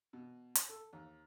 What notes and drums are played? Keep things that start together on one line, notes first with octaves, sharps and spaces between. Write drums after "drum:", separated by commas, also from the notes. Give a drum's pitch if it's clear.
B2
drum: hi-hat
A4
D#2